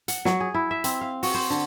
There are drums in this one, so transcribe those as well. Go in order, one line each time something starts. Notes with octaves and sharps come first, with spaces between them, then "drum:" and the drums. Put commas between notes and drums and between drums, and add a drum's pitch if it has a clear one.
F#5, drum: hi-hat
F#3, drum: snare
G#4
E4
E5
C4, drum: hi-hat
F5
F#4, drum: open hi-hat
C5
D3